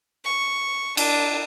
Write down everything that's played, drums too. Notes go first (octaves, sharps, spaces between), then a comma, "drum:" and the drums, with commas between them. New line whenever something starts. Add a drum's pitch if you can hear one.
C#6
D4, drum: cymbal